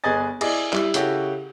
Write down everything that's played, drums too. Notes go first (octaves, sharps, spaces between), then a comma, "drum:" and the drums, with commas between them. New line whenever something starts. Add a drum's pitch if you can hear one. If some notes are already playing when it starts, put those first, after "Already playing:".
G1 G#4 B4 D#5 G#5 A6
E4 G#4 D5 D#5, drum: cymbal
G3 E4, drum: clap
C#3 E4 F#4 G4 A4, drum: hi-hat